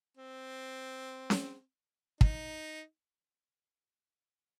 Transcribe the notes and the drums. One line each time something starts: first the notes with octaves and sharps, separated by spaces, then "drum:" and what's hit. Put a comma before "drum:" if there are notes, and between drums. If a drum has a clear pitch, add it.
C4
drum: snare C#4
D#4, drum: kick